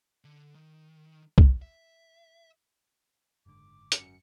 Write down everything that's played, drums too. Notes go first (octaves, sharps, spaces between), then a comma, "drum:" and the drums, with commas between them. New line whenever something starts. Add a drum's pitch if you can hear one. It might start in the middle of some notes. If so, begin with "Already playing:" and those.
D3
D#3
drum: kick
E5
F#1 G#2 D3 D6
F#2 C#7, drum: hi-hat